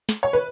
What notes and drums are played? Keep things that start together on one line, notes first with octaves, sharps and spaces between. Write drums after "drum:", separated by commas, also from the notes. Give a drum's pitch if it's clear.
drum: snare
C#5
B4